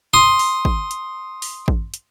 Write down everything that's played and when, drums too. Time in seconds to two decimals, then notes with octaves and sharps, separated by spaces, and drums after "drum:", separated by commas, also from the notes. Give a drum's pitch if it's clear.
0.14 C6 D#6
0.39 drum: open hi-hat
0.65 drum: kick
0.91 drum: hi-hat
1.42 drum: open hi-hat
1.68 drum: kick
1.94 drum: hi-hat